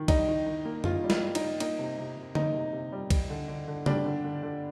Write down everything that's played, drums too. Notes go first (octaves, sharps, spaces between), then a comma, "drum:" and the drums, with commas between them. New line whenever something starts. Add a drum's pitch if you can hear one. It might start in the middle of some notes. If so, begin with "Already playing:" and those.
Already playing: D#3
G3 D#4, drum: kick C2, cymbal
D#3
D#3
A#3
D#3 F4, drum: tom F#2
G3
F4, drum: snare
G3
D#4, drum: cymbal
G3
A#3 D#4, drum: cymbal
C3
C3
C3
A#3 D#4, drum: tom D3
C3
C3
G3
G3, drum: kick C2, cymbal
D3
D3
D3
G3 D4, drum: tom
D3
D3
D3